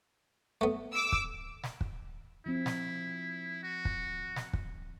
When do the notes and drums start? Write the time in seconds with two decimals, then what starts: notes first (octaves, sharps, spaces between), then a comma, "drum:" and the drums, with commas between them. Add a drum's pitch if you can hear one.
0.61 A3 B3
0.93 D6 E6
1.12 drum: kick
1.64 drum: snare
1.81 drum: kick
2.46 F3 C4 E4
2.66 drum: snare
3.63 F#4
3.85 drum: kick
4.36 drum: snare
4.53 drum: kick